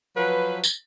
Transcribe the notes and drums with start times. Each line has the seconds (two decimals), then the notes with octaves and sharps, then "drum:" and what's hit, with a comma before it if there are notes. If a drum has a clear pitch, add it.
0.17 F3 F#3 B4
0.64 drum: tambourine